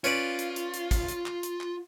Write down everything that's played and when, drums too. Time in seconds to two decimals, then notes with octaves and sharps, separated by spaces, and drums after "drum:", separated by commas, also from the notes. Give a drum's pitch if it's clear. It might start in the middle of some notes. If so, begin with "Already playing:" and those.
0.04 C#4 F4 B4 D5, drum: hi-hat
0.39 drum: hi-hat
0.56 drum: hi-hat
0.74 drum: hi-hat
0.91 drum: kick, hi-hat
1.08 drum: hi-hat
1.26 drum: clap
1.43 drum: hi-hat
1.61 drum: clap